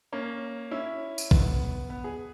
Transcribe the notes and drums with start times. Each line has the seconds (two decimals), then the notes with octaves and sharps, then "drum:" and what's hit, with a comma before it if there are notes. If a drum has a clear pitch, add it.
0.12 A#3 C#4
0.71 C#4 E4
1.18 drum: tambourine
1.31 B3, drum: kick A#1
1.90 B3
2.04 G#4